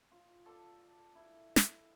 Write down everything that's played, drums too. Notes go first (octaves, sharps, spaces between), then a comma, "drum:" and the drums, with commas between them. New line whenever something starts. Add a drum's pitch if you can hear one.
F4
A4 D5 C6
E4
drum: snare